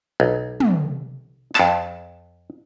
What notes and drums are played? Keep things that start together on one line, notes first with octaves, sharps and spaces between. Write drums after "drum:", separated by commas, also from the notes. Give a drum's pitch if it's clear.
B1
drum: tom
F2 A5, drum: clap